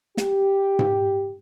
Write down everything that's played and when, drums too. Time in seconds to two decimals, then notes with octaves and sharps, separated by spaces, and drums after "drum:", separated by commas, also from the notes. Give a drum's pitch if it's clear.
0.17 G4, drum: snare
0.79 drum: tom G#2